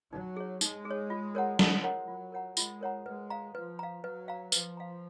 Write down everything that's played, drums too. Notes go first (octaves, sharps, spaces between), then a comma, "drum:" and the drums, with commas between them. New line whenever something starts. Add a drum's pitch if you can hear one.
F#3 D#4
G#4 C#5
G#3 D#4, drum: tambourine
G#4
C#5
F4
A#4 C#5 F#5 A#5
G#3 F4, drum: snare
A#4 C#5 F#5 A#5
F#3 F4
A#4 C#5 F#5 A#5
G#3 F4, drum: tambourine
A#4 C#5 F#5 A#5
G#3 B4
F5 A#5
F3 B4
F5 A#5
F#3 B4
F5 A#5
F3 B4, drum: tambourine
F5 A#5